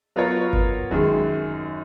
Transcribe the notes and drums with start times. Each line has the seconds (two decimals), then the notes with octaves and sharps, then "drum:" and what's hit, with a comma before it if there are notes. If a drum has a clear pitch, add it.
0.16 F#3 B3 F4 A#4 C#5
0.53 drum: kick G1
0.91 F#2 D#3 G#3